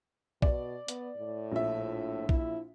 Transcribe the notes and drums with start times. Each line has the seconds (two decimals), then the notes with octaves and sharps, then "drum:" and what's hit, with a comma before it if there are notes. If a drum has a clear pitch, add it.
0.42 B2 D5, drum: kick
0.88 B3, drum: hi-hat
1.17 A2
1.52 A#1 E5
2.29 E4, drum: kick